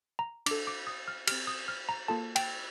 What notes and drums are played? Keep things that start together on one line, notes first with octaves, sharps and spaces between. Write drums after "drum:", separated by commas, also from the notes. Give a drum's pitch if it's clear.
A#5
D4 A4 D6, drum: cymbal
D6
D#6
F6
C4 G4 F6, drum: cymbal
D#6
F6
A#5
A#3 F4 A4 A5
G5, drum: cymbal